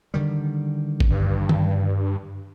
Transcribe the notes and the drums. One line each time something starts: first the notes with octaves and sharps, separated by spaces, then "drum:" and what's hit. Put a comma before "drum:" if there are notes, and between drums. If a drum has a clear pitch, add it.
D3 D#3 G3
drum: kick G#1
G2
drum: tom D#3